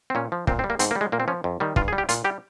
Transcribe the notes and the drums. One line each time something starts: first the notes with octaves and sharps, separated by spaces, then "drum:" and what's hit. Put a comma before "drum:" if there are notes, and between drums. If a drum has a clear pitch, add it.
C4
A#2 C#4
F3
A#2 C4, drum: kick
C4
G3
A#3
G#2 C4, drum: hi-hat
A#3
G3
G#3
A#2 A#3
C4
F3 C#4
F2
D#3 G3
G2 F4, drum: kick
G#4
G3
G4
A#2 F4, drum: hi-hat
G3 G4